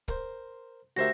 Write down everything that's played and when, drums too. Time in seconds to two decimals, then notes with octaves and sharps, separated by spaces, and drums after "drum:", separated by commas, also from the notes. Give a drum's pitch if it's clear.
0.08 A#4 C5, drum: kick
0.97 D2 F#4 G4 A#4 C5 E5 A#6